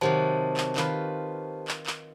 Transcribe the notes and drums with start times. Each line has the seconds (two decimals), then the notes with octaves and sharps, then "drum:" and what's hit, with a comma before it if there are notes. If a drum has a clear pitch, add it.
0.01 C3 D#3 F#3 G4 C5 A5
0.57 drum: clap
0.76 D#3 F4 B4, drum: clap
1.68 drum: clap
1.86 drum: clap